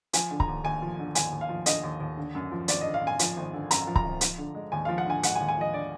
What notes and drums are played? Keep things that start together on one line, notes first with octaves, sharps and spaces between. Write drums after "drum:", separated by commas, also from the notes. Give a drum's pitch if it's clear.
F3 G#5, drum: hi-hat
D3
A#5, drum: kick C#1
D#2
D#2 G#5
F3
D3
D#2 G#5, drum: hi-hat
D#2
F5
F3
D3 D#5, drum: hi-hat
D#2
D#2
D3
F#2
F3
G#1 D5, drum: hi-hat
D3 D#5
F5
F#2 G#5
F3, drum: hi-hat
G#1
D3
F#2 A#5, drum: hi-hat
F3
A#5, drum: kick C#1
G#1
F3, drum: hi-hat
D3
G#3
D#2 G#5
F3 F5
F#5
D3 G#5
G#3 F#5, drum: hi-hat
G#5
D#2
G#5
F3 D#5
D3 D5